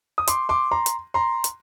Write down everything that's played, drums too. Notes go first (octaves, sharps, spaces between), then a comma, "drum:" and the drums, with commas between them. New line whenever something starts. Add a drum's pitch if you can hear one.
D#6
C6 D6, drum: hi-hat
C6 D6
A#5 C6
drum: hi-hat
A#5 C6
drum: hi-hat